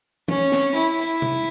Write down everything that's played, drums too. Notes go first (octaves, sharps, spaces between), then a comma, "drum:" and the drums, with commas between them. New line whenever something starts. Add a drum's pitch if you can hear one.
C#4, drum: tom
drum: snare
E4, drum: hi-hat
drum: hi-hat
drum: tom C3